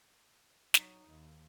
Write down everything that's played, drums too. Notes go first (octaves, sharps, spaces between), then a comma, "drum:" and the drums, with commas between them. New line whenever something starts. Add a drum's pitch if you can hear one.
F#3 D#4, drum: snare
D#2